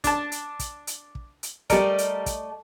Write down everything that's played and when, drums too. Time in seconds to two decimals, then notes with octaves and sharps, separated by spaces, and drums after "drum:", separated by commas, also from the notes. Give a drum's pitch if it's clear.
0.04 D4 A5, drum: kick, hi-hat
0.32 drum: hi-hat
0.59 drum: kick, hi-hat
0.87 drum: hi-hat
1.15 drum: kick
1.43 drum: hi-hat
1.70 G3 A3 A#4 D5 D#5, drum: kick, hi-hat
1.98 drum: hi-hat
2.26 drum: kick, hi-hat